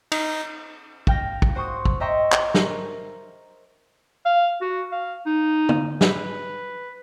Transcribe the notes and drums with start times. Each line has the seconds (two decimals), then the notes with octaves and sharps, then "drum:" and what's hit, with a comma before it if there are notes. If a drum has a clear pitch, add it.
0.12 D#4, drum: cymbal
1.07 F5 G5 F6 A#6, drum: kick
1.42 drum: kick
1.55 F#4 C5 C6 C#6 D#6
1.85 drum: kick
2.00 D#5 E5 G5 A#5 C6 C#6
2.32 drum: clap
2.54 A#4, drum: snare
4.25 F5
4.61 F#4
4.92 F5
5.26 D#4
5.69 drum: tom
6.01 B4, drum: snare